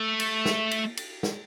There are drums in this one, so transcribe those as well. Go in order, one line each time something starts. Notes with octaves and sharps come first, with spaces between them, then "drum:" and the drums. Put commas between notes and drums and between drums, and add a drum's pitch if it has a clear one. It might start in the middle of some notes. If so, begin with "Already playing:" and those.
Already playing: A3
drum: cymbal
drum: snare
drum: cymbal
drum: cymbal
drum: snare